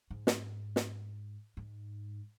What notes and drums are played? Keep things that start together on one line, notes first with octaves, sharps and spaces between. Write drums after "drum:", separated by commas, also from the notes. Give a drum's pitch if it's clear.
G#2
drum: snare
drum: snare
G#2